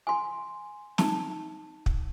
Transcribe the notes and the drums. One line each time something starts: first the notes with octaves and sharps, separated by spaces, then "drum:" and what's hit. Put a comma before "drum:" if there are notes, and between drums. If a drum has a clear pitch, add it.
G#5 C6
D#4 A5, drum: snare
drum: kick